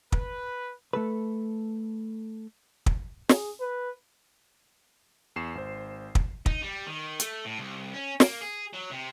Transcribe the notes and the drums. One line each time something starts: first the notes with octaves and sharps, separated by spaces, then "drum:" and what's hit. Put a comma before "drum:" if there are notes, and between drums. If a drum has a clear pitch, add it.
B4, drum: kick
A3 A4 B4
drum: kick
G#4, drum: snare
B4
E2 C#6 C7 E7
G#1 C5
drum: kick
D#4, drum: kick
G3
D#3
A3, drum: hi-hat
A2
C2
C#4
A#3, drum: snare
G#4
F#3
C3